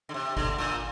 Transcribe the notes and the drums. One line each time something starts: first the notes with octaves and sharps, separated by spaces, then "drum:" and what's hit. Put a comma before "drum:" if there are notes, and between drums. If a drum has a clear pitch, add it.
D3
C3
D3, drum: kick
A#2